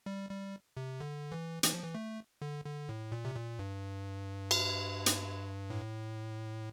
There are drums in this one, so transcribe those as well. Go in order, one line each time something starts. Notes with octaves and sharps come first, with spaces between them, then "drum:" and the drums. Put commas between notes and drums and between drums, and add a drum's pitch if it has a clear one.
G3
G3
C3
D3
E3
E3, drum: hi-hat
F3
E3
A3
D3
D3
A2
A#2
C3
A#2
G2
drum: cymbal
drum: hi-hat
A2